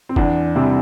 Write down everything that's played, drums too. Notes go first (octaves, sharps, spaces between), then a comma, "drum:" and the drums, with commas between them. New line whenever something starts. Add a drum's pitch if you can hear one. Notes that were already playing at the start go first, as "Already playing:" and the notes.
C4
E2 D4, drum: kick
C3 E3 G3 C4